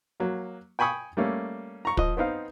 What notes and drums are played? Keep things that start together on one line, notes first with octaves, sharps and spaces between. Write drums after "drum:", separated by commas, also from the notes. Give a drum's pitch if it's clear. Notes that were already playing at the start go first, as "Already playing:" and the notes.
F#3 A#3
G5 G#5 B5 C#6 D#6
G3 A3 A#3 C#4
A#5 C#6
F3 D#5, drum: kick
B3 C4 D#4 F5